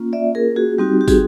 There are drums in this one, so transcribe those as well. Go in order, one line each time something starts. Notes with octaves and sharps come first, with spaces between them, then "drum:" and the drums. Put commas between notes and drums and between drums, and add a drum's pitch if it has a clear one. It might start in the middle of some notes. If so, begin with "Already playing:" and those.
Already playing: A#3 C#4 F4
D5 E5
G#4 A#4
F#4 G#4
G3 C4 D#4 F#4 G4
G4
F#4 G#4, drum: kick, tambourine